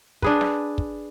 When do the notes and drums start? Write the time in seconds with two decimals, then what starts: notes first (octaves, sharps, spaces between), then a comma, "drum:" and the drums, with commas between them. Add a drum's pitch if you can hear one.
0.22 D4 G#4 B4, drum: kick
0.41 drum: snare
0.78 drum: kick